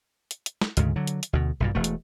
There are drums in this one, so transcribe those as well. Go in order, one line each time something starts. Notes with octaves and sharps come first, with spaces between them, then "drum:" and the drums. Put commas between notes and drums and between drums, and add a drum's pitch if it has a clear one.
drum: hi-hat
drum: hi-hat
drum: snare
D2 G#2 C#3, drum: hi-hat
D3 F#3
drum: hi-hat
drum: hi-hat
D2 B2
B1 G2 A#2
E1 A3
drum: hi-hat